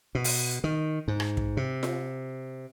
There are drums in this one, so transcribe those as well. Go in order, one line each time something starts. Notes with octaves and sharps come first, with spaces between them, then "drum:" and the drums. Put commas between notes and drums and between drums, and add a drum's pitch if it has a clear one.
B2
drum: open hi-hat
D#3
G#2
drum: rim click
drum: kick
C3
drum: snare F4